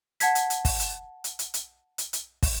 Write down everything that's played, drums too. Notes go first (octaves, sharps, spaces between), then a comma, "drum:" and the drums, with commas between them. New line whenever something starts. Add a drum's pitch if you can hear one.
F#5 A5 G#6 B6, drum: hi-hat
drum: hi-hat
drum: hi-hat
drum: kick, open hi-hat
drum: hi-hat
drum: hi-hat
drum: hi-hat
drum: hi-hat
drum: hi-hat
drum: hi-hat
drum: kick, open hi-hat